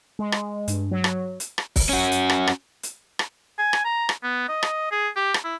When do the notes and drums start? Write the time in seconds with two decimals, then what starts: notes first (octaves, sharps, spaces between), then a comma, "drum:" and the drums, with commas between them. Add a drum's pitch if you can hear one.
0.19 G#3
0.32 drum: rim click
0.68 G2, drum: hi-hat
0.91 F#3
1.04 drum: rim click
1.40 drum: hi-hat
1.58 drum: rim click
1.76 drum: kick, open hi-hat
1.89 C#4 F#4
2.12 drum: hi-hat
2.29 drum: rim click
2.47 drum: rim click
2.83 drum: hi-hat
3.19 drum: rim click
3.59 G#5
3.73 drum: rim click
3.85 A#5
4.09 drum: rim click
4.23 B3
4.49 D#5
4.63 drum: rim click
4.92 G#4
5.16 G4
5.34 drum: rim click
5.44 E4